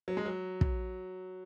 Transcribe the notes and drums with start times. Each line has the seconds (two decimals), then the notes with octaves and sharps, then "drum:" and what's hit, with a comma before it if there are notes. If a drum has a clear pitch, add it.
0.08 F#3
0.17 G#3
0.25 F#3
0.61 drum: kick